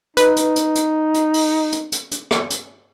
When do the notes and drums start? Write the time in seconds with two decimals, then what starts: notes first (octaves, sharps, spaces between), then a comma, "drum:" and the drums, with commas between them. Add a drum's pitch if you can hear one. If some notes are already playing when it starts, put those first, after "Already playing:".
0.17 D#4 B4, drum: hi-hat
0.36 drum: hi-hat
0.56 drum: hi-hat
0.75 drum: hi-hat
1.14 drum: hi-hat
1.34 drum: open hi-hat
1.73 drum: hi-hat
1.92 drum: hi-hat
2.11 drum: hi-hat
2.31 drum: rim click
2.50 drum: hi-hat